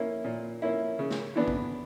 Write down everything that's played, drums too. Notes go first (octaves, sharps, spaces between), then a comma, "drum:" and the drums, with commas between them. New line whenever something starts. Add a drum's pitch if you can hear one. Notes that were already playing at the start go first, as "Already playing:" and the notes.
Already playing: A#3 C#4 E4
A#2
A#3 C#4 E4
C#3
drum: snare
E3 B3 D4
drum: kick A1